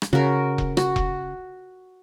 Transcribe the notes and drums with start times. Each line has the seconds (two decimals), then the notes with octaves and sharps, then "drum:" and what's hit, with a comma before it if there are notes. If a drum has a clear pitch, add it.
0.02 drum: rim click
0.13 C#3 F#4 A#4
0.58 drum: kick E1
0.77 F#4, drum: rim click
0.96 drum: kick E1